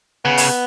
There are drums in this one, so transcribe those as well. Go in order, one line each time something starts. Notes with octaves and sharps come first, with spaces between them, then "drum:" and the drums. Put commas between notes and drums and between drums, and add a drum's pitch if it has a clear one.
C#3 B3
drum: open hi-hat